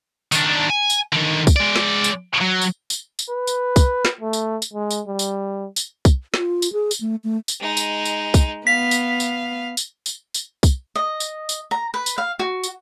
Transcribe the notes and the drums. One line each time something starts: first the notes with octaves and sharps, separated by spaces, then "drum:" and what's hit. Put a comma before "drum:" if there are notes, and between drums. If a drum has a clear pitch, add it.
D#3 D4, drum: tambourine
G#5
drum: tambourine
D3 D#3
drum: kick, tambourine
G#3 D5
drum: snare
drum: tambourine
F#3
drum: tambourine
drum: tambourine
drum: tambourine
B4
drum: tambourine
drum: kick, tambourine
drum: snare
A3
drum: tambourine
drum: tambourine
G#3
drum: tambourine
G3
drum: tambourine
drum: tambourine
drum: kick, tambourine
F4, drum: snare
drum: tambourine
G#4
drum: tambourine
A3
A3
drum: tambourine
G#3 D#4
drum: tambourine
drum: tambourine
drum: kick, tambourine
B3 F5 B6
drum: tambourine
drum: tambourine
drum: tambourine
drum: tambourine
drum: tambourine
drum: kick, tambourine
D#5
drum: tambourine
drum: tambourine
A#5
B4
drum: tambourine
F5
F#4
drum: tambourine